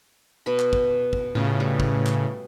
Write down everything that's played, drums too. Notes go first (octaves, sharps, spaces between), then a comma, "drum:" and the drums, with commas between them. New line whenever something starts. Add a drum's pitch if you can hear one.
B2 B5
drum: clap
drum: kick
drum: kick
A2 C#3 F4
G3
drum: kick
drum: clap